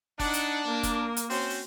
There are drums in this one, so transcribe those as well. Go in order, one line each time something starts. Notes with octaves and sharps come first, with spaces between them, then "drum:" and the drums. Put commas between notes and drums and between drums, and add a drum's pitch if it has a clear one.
D4 D#4 F#5, drum: kick F#1, open hi-hat
drum: hi-hat
A#3 A#4
drum: kick F#1, hi-hat
drum: hi-hat
C4 C#4 F#4 C5, drum: open hi-hat
drum: open hi-hat